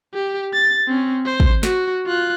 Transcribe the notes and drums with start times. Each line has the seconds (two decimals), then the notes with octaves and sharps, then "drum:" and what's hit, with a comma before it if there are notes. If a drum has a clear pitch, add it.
0.14 G4
0.54 A6
0.88 C4 C#4
1.26 C5
1.40 drum: kick
1.63 F#4, drum: snare
2.07 F4 F#6